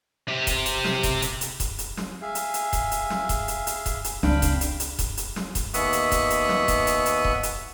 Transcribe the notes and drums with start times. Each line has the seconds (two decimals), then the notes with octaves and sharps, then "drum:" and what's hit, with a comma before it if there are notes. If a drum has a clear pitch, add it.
0.28 C3 G4
0.47 drum: kick D#1, hi-hat
0.66 drum: hi-hat
0.84 drum: snare
1.03 drum: kick D#1, hi-hat
1.22 drum: hi-hat
1.41 drum: hi-hat
1.60 drum: kick D#1, hi-hat
1.79 drum: hi-hat
1.97 drum: snare
2.22 G#4 E5 F5
2.35 drum: hi-hat
2.54 drum: hi-hat
2.73 drum: kick D#1, hi-hat
2.91 drum: hi-hat
3.10 drum: snare
3.29 drum: kick D#1, hi-hat
3.48 drum: hi-hat
3.67 drum: hi-hat
3.86 drum: kick D#1, hi-hat
4.04 drum: hi-hat
4.23 C#2 C4 D4 F5 G5 B5, drum: snare
4.42 drum: kick D#1, hi-hat
4.61 drum: hi-hat
4.80 drum: hi-hat
4.99 drum: kick D#1, hi-hat
5.17 drum: hi-hat
5.36 drum: snare
5.55 drum: kick D#1, hi-hat
5.74 D#2 B3 E5 C#6 D#6 F#6, drum: hi-hat
5.93 drum: hi-hat
6.11 drum: kick D#1, hi-hat
6.30 drum: hi-hat
6.49 drum: snare
6.68 drum: kick D#1, hi-hat
6.87 drum: hi-hat
7.06 drum: hi-hat
7.24 drum: kick D#1
7.43 drum: hi-hat